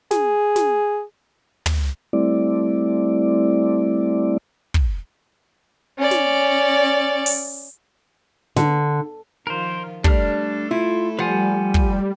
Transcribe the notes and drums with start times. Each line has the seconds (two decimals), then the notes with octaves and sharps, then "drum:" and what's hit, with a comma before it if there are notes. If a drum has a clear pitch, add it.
0.11 G#4, drum: snare
0.56 drum: snare
1.66 drum: tom
2.13 G3 A3 C4 E4 D5
4.74 drum: kick
5.99 C#4 D5
6.11 drum: snare
7.26 drum: open hi-hat
8.56 D3, drum: snare
9.47 D#3 F3 F4 A#4 C5
10.04 G3 A3 D4 A4 F6, drum: kick
10.71 E4 F4
11.19 F3 G3 B4 F#5 G#5
11.74 drum: kick